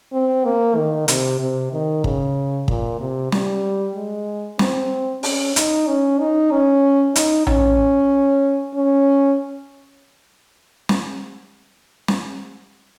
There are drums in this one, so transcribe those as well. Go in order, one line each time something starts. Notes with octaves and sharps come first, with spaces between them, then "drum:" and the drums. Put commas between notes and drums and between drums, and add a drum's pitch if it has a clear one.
C4
A#3
D#3
C3, drum: hi-hat
C3
D#3
C#3, drum: kick
A#2, drum: kick
C3
G3, drum: snare
G#3
C4, drum: snare
C#4, drum: open hi-hat
D#4, drum: hi-hat
C#4
D#4
C#4
D#4, drum: hi-hat
C#4, drum: tom A#1
C#4
drum: snare
drum: snare